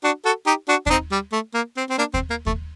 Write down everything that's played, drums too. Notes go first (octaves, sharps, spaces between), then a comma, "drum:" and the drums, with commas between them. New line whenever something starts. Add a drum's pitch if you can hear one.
D4 F#4
F#4 A4
D#4 G4
D4 F#4
D4, drum: kick D#2
C4 D#4
G3
A3
A#3
C4
C4
A#3 D4
C4, drum: kick D#2
A#3
A3, drum: kick D#2